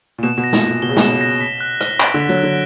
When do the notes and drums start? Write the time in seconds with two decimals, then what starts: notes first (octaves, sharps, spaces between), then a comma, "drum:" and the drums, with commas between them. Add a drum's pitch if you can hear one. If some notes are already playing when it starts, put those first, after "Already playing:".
0.18 A#2
0.23 B2 E7
0.38 B2
0.44 A#6
0.53 A#2, drum: snare
0.62 A#6
0.67 A#2
0.82 B2 G7
0.89 C#3
0.97 B2 E7, drum: snare
1.21 A#6
1.41 B6
1.60 F#6
1.81 G7, drum: rim click
2.00 D7, drum: clap
2.14 D3
2.20 B6
2.29 F#3
2.38 F#6
2.43 D3